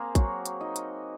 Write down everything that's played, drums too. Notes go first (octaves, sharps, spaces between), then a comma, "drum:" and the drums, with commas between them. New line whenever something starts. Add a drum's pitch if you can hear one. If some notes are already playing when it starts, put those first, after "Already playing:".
Already playing: A#3 C4 G#4 A#4 C5
F#3 F#4, drum: kick, hi-hat
drum: hi-hat
D#4 D#5
drum: hi-hat